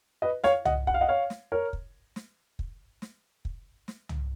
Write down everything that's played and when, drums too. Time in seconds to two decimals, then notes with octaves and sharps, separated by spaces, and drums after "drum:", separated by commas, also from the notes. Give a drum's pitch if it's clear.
0.22 B4 D#5
0.44 C#5 F5, drum: snare
0.65 D#5 F#5, drum: tom
0.87 F#5, drum: kick
0.94 F5
1.01 D#5 F#5
1.09 C#5 F5
1.30 drum: snare
1.52 A#4 C#5
1.73 drum: kick
2.16 drum: snare
2.59 drum: kick
3.02 drum: snare
3.45 drum: kick
3.88 drum: snare
4.09 drum: tom